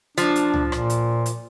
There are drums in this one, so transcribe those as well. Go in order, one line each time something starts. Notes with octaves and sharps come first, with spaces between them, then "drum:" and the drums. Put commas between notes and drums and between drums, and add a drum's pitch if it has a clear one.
F3 D4, drum: hi-hat
drum: hi-hat
drum: tom C#2
A#2, drum: rim click
drum: hi-hat
drum: hi-hat